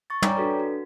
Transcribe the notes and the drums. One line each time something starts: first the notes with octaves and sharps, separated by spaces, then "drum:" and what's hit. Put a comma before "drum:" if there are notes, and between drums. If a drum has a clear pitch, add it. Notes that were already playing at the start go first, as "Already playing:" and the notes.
C#6 A6
C#5 D5 G5 G#5 A#5 D6, drum: tom
D4 F#4 A4 B4
F#4